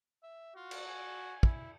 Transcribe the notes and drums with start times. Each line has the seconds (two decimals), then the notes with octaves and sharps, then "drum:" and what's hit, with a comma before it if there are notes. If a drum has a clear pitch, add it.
0.23 E5
0.56 F4 F#4
0.71 drum: cymbal
0.88 G#5
1.43 E4, drum: kick